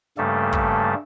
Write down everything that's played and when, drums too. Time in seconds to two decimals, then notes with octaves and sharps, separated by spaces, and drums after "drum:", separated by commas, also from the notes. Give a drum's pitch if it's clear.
0.18 G2 C#3 G3 A3 A#3 A4
0.53 drum: kick